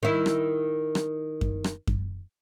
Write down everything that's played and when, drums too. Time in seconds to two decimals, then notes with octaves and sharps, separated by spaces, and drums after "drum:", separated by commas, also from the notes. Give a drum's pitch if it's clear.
0.03 D#3 E4
0.26 drum: rim click
0.95 drum: rim click
1.41 drum: kick F#2
1.64 drum: rim click
1.87 drum: kick F#2